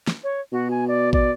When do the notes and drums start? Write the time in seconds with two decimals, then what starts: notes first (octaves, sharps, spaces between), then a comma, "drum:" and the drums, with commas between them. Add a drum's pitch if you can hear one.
0.08 drum: snare
0.23 C#5
0.52 B2 F#4
0.70 G#5
0.88 D5
1.13 D5, drum: kick A1